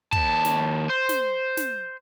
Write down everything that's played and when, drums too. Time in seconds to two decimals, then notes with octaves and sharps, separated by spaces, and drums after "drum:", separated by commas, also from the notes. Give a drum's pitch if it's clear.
0.13 D#2 A5, drum: kick
0.45 drum: snare
0.90 C5
1.09 drum: snare
1.57 drum: snare